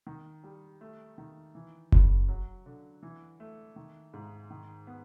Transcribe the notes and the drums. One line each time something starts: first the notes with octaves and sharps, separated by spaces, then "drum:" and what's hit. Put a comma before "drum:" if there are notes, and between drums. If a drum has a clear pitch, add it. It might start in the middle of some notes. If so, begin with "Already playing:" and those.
D#3
G3
A3
D#3
E3
C#3, drum: kick F#1
F#3
D3
E3
A3
D#3
G#2
D#3
B3